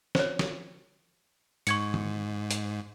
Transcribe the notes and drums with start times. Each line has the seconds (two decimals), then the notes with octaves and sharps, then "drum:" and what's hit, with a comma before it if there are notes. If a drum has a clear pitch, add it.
0.15 C5 C#5, drum: snare
0.39 drum: snare
1.67 G#2 C#6 G#6 C#7, drum: hi-hat
1.94 drum: tom D#3
2.51 drum: hi-hat